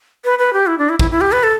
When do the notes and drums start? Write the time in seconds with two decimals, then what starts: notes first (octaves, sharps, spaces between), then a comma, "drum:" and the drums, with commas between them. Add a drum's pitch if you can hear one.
0.25 B4
0.39 B4
0.53 G4
0.67 E4
0.78 D4
0.89 E4
0.99 E4, drum: kick
1.11 E4
1.21 G4
1.32 B4
1.43 A4